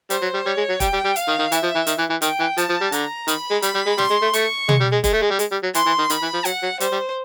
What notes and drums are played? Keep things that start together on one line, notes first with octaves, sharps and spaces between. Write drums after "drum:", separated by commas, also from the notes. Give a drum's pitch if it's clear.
G3 C5, drum: hi-hat
F#3
G3
G3 C#5
G#3
F#3
G3 G5, drum: kick E1, hi-hat
G3
G3
F5, drum: hi-hat
D#3
D#3
E3 E5, drum: hi-hat
F3
E3
D#3, drum: hi-hat
E3
E3
D#3 G5, drum: hi-hat
E3
F3 A5, drum: hi-hat
F3
G3
D3 A#5, drum: hi-hat
D#3 B5, drum: hi-hat
G#3
G3 B5, drum: hi-hat
G3
G#3
G3 C6, drum: snare
G#3
A3
A3 C#6, drum: hi-hat
G#3, drum: tom
G3
G#3
G#3, drum: kick E1, hi-hat
A3
G#3
G3
G#3, drum: hi-hat
G3
F#3
E3 C6, drum: hi-hat
E3
D#3
D#3 B5, drum: hi-hat
E3
F3
F#3 F#5, drum: hi-hat
F#3
G3 C5, drum: hi-hat
G3